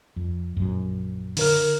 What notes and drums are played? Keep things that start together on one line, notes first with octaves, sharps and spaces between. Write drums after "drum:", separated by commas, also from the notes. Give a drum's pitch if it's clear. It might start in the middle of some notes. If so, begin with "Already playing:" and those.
F2
A#1 F#2
D3 A#4 F6, drum: open hi-hat